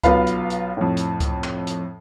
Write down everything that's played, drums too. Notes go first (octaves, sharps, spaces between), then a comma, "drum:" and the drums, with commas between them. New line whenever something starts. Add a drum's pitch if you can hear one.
B1 B3 F4 B4 F5 B5, drum: kick C#2, hi-hat
drum: hi-hat
drum: hi-hat
F2 A2
drum: hi-hat
drum: kick C#2, hi-hat
drum: clap
drum: hi-hat